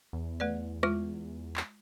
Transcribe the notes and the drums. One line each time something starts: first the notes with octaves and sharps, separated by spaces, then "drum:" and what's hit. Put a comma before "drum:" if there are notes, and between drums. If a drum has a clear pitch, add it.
E2
A3 B4 D5
G#3 F4 C#6, drum: rim click
drum: clap